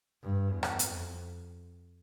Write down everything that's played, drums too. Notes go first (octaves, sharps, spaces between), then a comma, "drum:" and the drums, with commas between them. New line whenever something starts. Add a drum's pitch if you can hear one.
G2
E2
drum: rim click
F2, drum: hi-hat